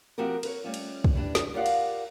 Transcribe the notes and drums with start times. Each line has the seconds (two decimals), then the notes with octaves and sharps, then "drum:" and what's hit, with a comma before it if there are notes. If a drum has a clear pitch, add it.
0.18 F3 C4 F#4 G4 A#4
0.43 A#4 B4 C#5, drum: cymbal
0.64 G3 A3 C#4 F4
0.74 drum: cymbal
1.04 drum: kick
1.14 E3 G3 D4
1.35 drum: snare
1.54 F4 G4 A#4 D5 F5 F#5
1.66 drum: cymbal